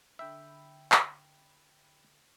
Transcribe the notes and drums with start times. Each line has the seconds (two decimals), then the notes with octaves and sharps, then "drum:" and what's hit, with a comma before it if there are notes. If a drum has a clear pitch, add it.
0.19 D3 E5 G5 B5
0.92 drum: clap